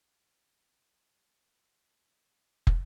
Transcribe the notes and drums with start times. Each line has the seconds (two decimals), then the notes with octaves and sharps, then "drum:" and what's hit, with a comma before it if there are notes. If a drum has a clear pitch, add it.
0.12 D#1 A#3 C4
0.74 C3 D#3 C4 G4 E5
1.39 G#2 D#3 F3 D#4
1.90 F#3 A#4
2.67 drum: kick